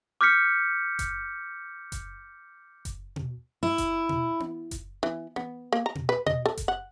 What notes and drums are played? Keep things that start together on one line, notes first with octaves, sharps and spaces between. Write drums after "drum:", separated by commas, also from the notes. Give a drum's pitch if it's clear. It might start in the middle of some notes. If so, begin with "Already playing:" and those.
D6 F6 G6 B6 C#7
drum: kick F#1, hi-hat
drum: kick F#1, hi-hat
drum: kick F#1, hi-hat
drum: tom B2
E4
drum: kick F#1, hi-hat
drum: tom B2
drum: tom B3
drum: kick F#1, hi-hat
E3, drum: tom B3
B3, drum: tom B3
A#3
A#5
drum: tom B2
B4
D#5, drum: tom B2
A4
drum: kick F#1, hi-hat
F#5